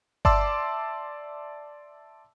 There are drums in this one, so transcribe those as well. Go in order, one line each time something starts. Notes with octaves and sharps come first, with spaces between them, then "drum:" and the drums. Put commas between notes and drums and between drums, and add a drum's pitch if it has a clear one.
D5 E5 A5 C6 D6 E6, drum: kick G1